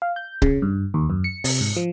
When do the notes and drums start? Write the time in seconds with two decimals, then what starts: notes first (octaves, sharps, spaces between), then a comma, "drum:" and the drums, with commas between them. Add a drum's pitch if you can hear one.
0.02 F5
0.16 G6
0.42 C#3, drum: kick C#1
0.62 G2
0.94 D#2
1.10 F#2
1.24 C#7
1.44 C3, drum: open hi-hat
1.61 G#2
1.76 F3